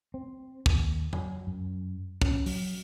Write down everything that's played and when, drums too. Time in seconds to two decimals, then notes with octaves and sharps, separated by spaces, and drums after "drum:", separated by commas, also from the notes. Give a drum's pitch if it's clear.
0.14 C4
0.66 D#2, drum: kick
1.13 F#3, drum: tom F2
1.47 F#2
2.22 C#4, drum: kick
2.46 F#3, drum: open hi-hat